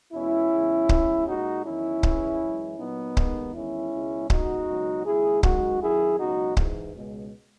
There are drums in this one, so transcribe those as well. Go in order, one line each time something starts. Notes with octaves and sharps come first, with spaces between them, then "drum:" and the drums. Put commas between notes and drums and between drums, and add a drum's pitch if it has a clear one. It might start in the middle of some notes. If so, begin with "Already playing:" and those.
E2 B2 G#3 C#4 E4
E2 C#3 G#3
E2 C#3 G#3, drum: kick C#1
A#2 G#3 D#4 F#4
E2 D#3 F#3 C#4 E4
C#2 C#3 E3 G#3, drum: kick C#1
F#2 E3 G#3
A#2 F#3 B3 D#4
D#2 D#3 G#3, drum: kick C#1
E2 D#3 G#3 C#4 E4
C#2 B2 G#3
C#2 B2 G#3 D#4 F#4, drum: kick C#1
C#2 B2 F#3
D#2 C#3 G#3 E4 G#4
F#2 D#3 G#3 D#4 F#4, drum: kick C#1
F#2 D#3 F#3 E4 G#4
C#2 B2 F#3 D#4 F#4
G#2 E3 G#3, drum: kick C#1
C#2 B2 G#3